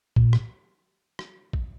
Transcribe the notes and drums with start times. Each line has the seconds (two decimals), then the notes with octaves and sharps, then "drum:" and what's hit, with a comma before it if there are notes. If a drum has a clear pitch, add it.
0.16 A#2, drum: kick
0.33 drum: rim click
1.19 drum: rim click
1.53 drum: kick